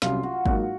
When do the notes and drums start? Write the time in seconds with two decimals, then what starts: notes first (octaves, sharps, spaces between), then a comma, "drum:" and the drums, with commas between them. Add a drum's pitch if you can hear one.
0.02 C2 C3 F#3 C#4 F4, drum: snare
0.23 F#4
0.45 G#2 F#3 A#3 D#4 F#4, drum: kick